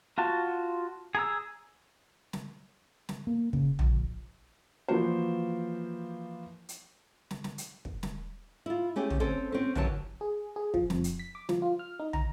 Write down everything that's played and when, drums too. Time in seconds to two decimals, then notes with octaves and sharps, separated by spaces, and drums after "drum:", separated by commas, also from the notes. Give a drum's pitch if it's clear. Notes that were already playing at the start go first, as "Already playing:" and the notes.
0.18 F4 F#4 A5
1.15 G#4 A#5 E6
2.33 drum: snare
3.09 drum: snare
3.27 A#3
3.53 C#3, drum: kick
3.79 A#1, drum: tom
4.88 E3 F3 A#3 F#4 C5
6.69 drum: hi-hat
7.31 drum: snare
7.44 drum: snare
7.58 drum: hi-hat
7.85 drum: kick
8.03 drum: snare
8.66 E4 F4
8.96 A3 C#4 G4 G#4
9.10 drum: tom
9.20 C4 C#4 A4 C5
9.52 C4 C#4
9.75 F#2 E3 G4 C#5 A5, drum: tom
10.21 G#4
10.56 G#4
10.74 F3, drum: kick
10.90 F2, drum: snare
11.04 drum: hi-hat
11.19 B6
11.35 D6
11.49 F3, drum: snare
11.62 F4
11.79 F6
11.99 D#4
12.13 A#5, drum: tom